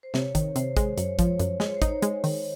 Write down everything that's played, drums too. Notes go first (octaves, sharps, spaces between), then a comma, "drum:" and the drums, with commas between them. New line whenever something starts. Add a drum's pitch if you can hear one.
C5
C3 C#5, drum: snare
D#3, drum: kick, hi-hat
C3 C5, drum: hi-hat
G#3, drum: kick, hi-hat
F#2 C#5, drum: hi-hat
F3, drum: kick, hi-hat
C#5
F#2, drum: hi-hat
G#3, drum: snare
C#5
C5
D#4, drum: kick, hi-hat
C#5
G#3, drum: hi-hat
D#3, drum: open hi-hat